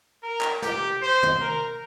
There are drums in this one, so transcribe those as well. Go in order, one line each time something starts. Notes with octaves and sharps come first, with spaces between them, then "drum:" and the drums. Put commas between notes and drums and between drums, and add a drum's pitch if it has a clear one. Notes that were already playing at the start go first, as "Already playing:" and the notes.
A#4
drum: clap
G4, drum: snare
C5
drum: tom
A#4